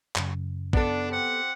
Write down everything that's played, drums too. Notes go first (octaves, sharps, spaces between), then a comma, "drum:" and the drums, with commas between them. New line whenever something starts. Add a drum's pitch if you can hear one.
F#2 C#3, drum: clap
B3 D4 A4, drum: kick
C4 G4 F#5